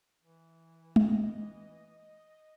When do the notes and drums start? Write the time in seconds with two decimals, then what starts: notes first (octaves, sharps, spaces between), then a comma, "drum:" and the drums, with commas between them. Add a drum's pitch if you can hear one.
0.23 E3
0.96 D#5, drum: tom